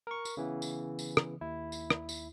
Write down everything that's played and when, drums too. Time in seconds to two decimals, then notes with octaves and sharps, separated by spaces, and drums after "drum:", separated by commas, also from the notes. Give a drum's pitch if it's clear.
0.07 A#4 C#6
0.25 drum: tambourine
0.37 C#3 E3 B3
0.62 drum: tambourine
0.99 drum: tambourine
1.17 drum: rim click
1.41 D#2 E4
1.72 drum: tambourine
1.90 drum: rim click
2.09 drum: tambourine